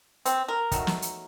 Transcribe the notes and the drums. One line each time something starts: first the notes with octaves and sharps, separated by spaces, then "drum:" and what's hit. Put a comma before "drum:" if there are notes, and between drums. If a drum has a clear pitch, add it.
C4, drum: hi-hat
A#4
D#3 F#3 A3, drum: kick, hi-hat
drum: snare
drum: hi-hat